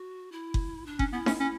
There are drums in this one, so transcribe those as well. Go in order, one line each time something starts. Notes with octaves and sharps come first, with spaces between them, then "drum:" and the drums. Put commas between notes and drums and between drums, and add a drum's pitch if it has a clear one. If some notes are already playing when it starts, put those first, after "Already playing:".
Already playing: F#4
E4
drum: kick F#1
D4
C#4, drum: kick F#1
B3 E4
C#4, drum: snare D#4
C#4